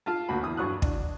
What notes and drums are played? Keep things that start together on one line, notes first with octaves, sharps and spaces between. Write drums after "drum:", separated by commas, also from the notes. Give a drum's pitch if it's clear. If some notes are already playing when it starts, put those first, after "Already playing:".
F4 F5 A5
D2 A#2 F#4 B5
E2 D#6
G2 F#3 C#6 D#6 F#6
D4, drum: kick